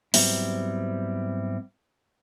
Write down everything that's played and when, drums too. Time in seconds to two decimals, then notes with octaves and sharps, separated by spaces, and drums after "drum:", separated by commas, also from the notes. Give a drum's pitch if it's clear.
0.14 G#2 F#3 G3 B3 C4 E4, drum: open hi-hat